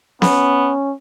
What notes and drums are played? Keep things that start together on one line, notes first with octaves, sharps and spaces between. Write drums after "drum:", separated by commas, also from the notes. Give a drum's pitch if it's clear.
B3 C#4, drum: snare B3